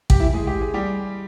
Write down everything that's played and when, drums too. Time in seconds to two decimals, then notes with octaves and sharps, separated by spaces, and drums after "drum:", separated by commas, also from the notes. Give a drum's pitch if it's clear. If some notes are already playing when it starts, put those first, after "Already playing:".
0.10 G4, drum: kick A1
0.20 E3 E4
0.33 G#3 G#4
0.47 G4
0.61 G#4
0.74 G3 G4